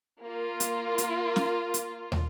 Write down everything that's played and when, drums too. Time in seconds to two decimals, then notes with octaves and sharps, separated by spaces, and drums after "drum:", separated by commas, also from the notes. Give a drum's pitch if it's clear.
0.22 A#3 F4
0.60 drum: hi-hat
0.98 drum: hi-hat
1.36 drum: snare
1.74 drum: hi-hat
2.12 drum: tom